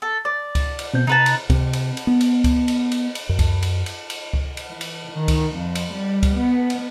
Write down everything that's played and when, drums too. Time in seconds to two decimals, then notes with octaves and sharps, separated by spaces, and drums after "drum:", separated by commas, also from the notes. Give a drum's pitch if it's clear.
0.02 A4
0.25 D5 D6
0.55 drum: kick C#2, cymbal
0.79 drum: cymbal
0.94 B2 C4 G6
1.07 C3 D#4 B4 A5
1.26 drum: cymbal
1.50 C3, drum: kick C#2, cymbal
1.73 drum: cymbal
1.97 drum: cymbal
2.07 B3
2.21 drum: cymbal
2.44 drum: kick C#2, cymbal
2.68 drum: cymbal
2.92 drum: cymbal
3.15 drum: cymbal
3.29 F#2
3.39 drum: kick C#2, cymbal
3.63 drum: cymbal
3.86 drum: cymbal
4.10 drum: cymbal
4.33 drum: kick C#2
4.57 drum: cymbal
4.68 E3
4.81 drum: cymbal
5.13 D#3
5.28 drum: kick C#2, cymbal
5.56 F2
5.75 drum: cymbal
5.94 G3
6.23 drum: kick C#2, cymbal
6.40 B3
6.70 drum: cymbal